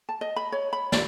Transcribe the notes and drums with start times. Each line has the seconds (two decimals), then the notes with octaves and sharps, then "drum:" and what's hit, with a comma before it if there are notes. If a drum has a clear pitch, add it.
0.09 A5
0.21 D#5
0.36 B5
0.52 C#5
0.73 B5
0.92 D5, drum: snare